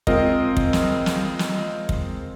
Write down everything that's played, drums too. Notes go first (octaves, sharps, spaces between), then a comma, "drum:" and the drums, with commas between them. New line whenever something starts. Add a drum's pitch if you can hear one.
G#3 C4 F4 A#4 D#5, drum: kick
drum: kick
drum: snare
drum: snare
drum: snare
drum: kick